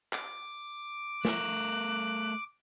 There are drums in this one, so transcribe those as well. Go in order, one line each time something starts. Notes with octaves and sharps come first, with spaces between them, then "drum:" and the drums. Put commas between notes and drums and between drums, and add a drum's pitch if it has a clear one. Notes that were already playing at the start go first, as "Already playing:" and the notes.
D6, drum: clap
A3 A#4 F#6, drum: snare